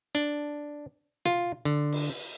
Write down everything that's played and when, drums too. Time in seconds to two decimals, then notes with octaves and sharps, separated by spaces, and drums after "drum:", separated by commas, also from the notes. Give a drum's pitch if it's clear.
0.15 D4
1.26 F4, drum: tom B2
1.65 D3
1.93 drum: cymbal